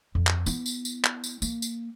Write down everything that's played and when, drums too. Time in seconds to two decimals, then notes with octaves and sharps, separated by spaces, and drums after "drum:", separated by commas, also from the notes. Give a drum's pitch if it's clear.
0.15 F2
0.27 drum: clap
0.46 B3 E4, drum: tambourine
0.66 drum: tambourine
0.85 drum: tambourine
1.04 drum: clap
1.24 drum: tambourine
1.42 A#3, drum: tambourine
1.62 drum: tambourine